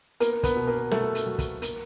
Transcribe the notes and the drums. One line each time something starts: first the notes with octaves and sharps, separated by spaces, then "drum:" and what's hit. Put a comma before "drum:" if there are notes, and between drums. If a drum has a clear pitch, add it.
A#3 B3 A#4, drum: hi-hat
B3 B4, drum: kick, hi-hat
B2
A#3 A#4
B2 A3 A4, drum: snare
drum: hi-hat
F#3
drum: kick, hi-hat
A#3, drum: hi-hat